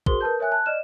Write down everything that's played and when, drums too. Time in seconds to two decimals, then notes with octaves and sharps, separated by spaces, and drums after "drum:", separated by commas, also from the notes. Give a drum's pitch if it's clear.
0.06 F#4 G#4 A#4 C5 C6 G7, drum: kick
0.21 A#4 B4 A5 G6
0.39 A#4 C#5 E5 G#5 F#6
0.52 A5 F#6
0.66 D5 D#5 F6 E7